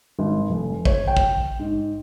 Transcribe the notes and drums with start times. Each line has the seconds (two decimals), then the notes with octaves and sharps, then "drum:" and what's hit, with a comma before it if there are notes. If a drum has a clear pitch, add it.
0.19 G#1
0.50 F1
0.85 C#5, drum: kick A1
1.07 G5
1.17 drum: kick A1
1.59 G#2